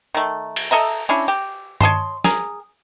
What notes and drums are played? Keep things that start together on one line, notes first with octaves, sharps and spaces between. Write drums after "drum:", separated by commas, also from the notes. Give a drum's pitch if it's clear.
D#3 A3
drum: cymbal
A4 D#5 E5 A#5
C#4 D4 E4
G4
C#5 D#5 A5 C6, drum: tom G2
G#4 A#4, drum: snare